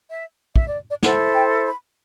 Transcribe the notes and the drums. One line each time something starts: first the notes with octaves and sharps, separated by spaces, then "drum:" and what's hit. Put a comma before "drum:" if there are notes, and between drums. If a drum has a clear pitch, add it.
E5
E5, drum: kick
D5
D5
E4 A4 C5 F#5, drum: snare
G5
B5